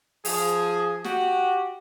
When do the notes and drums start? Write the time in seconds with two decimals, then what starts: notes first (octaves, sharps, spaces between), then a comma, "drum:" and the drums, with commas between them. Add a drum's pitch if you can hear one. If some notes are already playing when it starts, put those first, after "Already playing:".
0.25 F3 G#4, drum: open hi-hat
1.04 F#4 G4, drum: snare